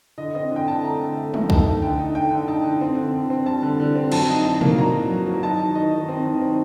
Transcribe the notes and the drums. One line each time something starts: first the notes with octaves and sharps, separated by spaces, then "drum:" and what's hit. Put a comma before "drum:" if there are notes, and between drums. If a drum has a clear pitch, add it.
D3 D#5
C4 D#5
D3 G5
D3 A5
A3 A#5
D3
A3
A3, drum: tom
D#4 A5, drum: kick C2
A3
D3 G5
D#4
A3 G5
D3
D#4 A5
D3
C4
D3
D3
C4
G3 A5
D3
D3
C4
F#3 A5, drum: cymbal
D#4
D#4 A5
A#3, drum: tom
F#3 A#5
F#3
F#3
F#3
D#4 A5
D#3
D#3 D#5
D#3
C4
D#3
C4